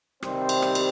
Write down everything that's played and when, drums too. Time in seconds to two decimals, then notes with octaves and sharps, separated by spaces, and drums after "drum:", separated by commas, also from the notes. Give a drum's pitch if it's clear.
0.22 C3 D#3 G3 C4 C5, drum: rim click
0.49 drum: cymbal
0.62 drum: rim click
0.75 drum: cymbal